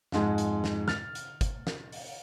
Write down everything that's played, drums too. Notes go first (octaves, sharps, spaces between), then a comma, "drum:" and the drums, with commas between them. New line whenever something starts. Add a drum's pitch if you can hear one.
F2 G#2 G#3, drum: snare
drum: hi-hat
drum: snare
F6 A6, drum: snare
drum: hi-hat
drum: kick, hi-hat
drum: snare
drum: open hi-hat